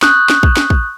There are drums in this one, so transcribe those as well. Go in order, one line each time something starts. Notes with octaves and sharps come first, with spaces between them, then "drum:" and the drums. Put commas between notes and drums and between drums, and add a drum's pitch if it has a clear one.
C#6 D#6 F#6 G6, drum: snare
drum: snare
drum: kick
drum: snare
drum: kick